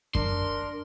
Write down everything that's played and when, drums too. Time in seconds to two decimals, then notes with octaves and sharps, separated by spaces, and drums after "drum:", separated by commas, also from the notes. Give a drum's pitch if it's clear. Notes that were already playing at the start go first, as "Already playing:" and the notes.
0.15 D4 A#4 C6, drum: kick F#2